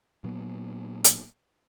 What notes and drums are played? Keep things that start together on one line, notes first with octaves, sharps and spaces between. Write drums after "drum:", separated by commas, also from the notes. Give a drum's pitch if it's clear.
A#2 F#3 B3
drum: hi-hat